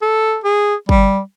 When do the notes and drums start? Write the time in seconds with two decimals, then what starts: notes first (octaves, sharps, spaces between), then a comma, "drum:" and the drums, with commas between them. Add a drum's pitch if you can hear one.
0.02 A4
0.44 G#4
0.89 G3, drum: kick